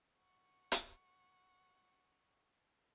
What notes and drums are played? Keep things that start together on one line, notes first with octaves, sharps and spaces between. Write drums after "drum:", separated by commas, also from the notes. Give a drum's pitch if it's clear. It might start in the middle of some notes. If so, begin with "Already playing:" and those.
F#5 C#6
drum: hi-hat